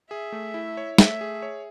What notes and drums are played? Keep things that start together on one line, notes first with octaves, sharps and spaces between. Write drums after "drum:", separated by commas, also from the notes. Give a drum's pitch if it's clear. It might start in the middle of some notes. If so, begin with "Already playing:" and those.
G#4 E5
A3
E4
C#5
A3 E5, drum: snare
G#4
C#5